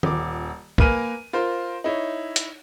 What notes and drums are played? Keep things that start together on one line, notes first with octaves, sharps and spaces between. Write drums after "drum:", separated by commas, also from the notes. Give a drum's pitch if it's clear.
D#1 D6, drum: tom D#3
A#3 A#4 B4 G#5 F6 D#7, drum: kick
F4 A#4 C5
D#4 E4 C#5
drum: hi-hat